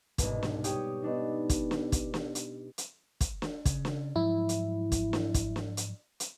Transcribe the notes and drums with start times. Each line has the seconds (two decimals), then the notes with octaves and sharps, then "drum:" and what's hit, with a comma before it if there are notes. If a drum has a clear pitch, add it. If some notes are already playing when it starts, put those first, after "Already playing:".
0.18 C2 G#2 B2, drum: kick, hi-hat
0.43 drum: snare
0.64 G4 C#5 G5 D#6, drum: hi-hat
1.02 B3 D4 D#4
1.50 drum: kick, hi-hat
1.71 drum: snare
1.92 drum: kick, hi-hat
2.14 drum: snare
2.35 drum: hi-hat
2.78 drum: hi-hat
3.21 drum: kick, hi-hat
3.42 drum: snare
3.65 C#3, drum: kick, hi-hat
3.85 drum: snare
4.16 G#2 F3 F#3 E4
4.49 drum: hi-hat
4.92 drum: kick, hi-hat
5.13 drum: snare
5.34 drum: kick, hi-hat
5.56 drum: snare
5.77 drum: hi-hat
6.20 drum: hi-hat